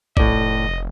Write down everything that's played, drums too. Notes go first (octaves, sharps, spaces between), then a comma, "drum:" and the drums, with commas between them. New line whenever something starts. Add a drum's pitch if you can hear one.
F1 A2 D5 D#5, drum: kick A#1